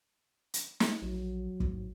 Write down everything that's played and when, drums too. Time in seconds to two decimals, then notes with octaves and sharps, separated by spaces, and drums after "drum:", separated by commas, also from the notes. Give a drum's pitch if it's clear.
0.54 drum: hi-hat
0.80 drum: snare
1.02 A#1 F#3
1.60 G#2, drum: kick